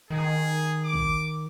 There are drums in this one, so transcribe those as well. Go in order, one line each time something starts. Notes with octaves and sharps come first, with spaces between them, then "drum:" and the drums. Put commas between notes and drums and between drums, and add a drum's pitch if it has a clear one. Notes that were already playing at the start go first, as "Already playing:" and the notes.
D#3 G#4
D6
drum: kick